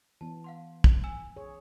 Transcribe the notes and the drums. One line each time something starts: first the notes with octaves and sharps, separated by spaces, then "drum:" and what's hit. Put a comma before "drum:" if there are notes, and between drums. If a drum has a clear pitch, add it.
E3 B3 A5
F5 F#5 C6
drum: kick
G#5 E6 E7
G#4 C#5